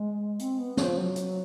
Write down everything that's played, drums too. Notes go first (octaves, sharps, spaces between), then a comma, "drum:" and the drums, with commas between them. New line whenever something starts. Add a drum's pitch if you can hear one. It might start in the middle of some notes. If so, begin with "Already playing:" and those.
Already playing: G#3
C4, drum: hi-hat
B3
F3, drum: snare
F#3
drum: hi-hat